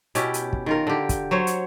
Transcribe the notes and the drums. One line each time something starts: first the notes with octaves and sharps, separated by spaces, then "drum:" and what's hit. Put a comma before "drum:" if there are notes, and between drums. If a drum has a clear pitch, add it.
B2 C#4 E4 G4, drum: hi-hat
drum: hi-hat
drum: kick
D#3 F4 A#4
D3 G4
drum: kick, hi-hat
F#3 C5 C#5
drum: hi-hat